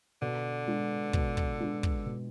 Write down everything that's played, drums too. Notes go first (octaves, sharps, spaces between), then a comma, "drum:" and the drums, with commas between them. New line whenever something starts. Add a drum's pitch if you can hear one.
B2 D3
G#3 D4
B2, drum: kick
drum: kick
G#3 D4
drum: kick
B2